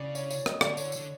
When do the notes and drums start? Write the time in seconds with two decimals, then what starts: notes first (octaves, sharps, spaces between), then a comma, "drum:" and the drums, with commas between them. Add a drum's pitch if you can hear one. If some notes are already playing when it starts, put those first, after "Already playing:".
Already playing: C#3 D5
0.15 C#5, drum: tambourine
0.31 C#5, drum: tambourine
0.46 D#5, drum: rim click
0.61 D3 D5, drum: rim click
0.77 C#5, drum: tambourine
0.92 C#5, drum: tambourine
0.96 D3